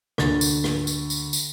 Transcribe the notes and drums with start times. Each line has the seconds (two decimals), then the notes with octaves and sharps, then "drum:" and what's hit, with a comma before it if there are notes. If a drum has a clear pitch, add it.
0.18 D2 A6, drum: rim click
0.41 drum: tambourine
0.64 drum: rim click
0.87 drum: tambourine
1.10 drum: tambourine
1.33 drum: tambourine